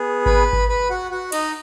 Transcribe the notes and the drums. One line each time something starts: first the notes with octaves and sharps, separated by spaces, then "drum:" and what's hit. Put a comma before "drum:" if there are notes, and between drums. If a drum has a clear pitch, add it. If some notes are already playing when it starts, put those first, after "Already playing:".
Already playing: B3 G#4
B4 B5, drum: kick G#1
drum: kick G#1
B4 B5
F#4 F#5
F#4 F#5
D#4 D#5, drum: cymbal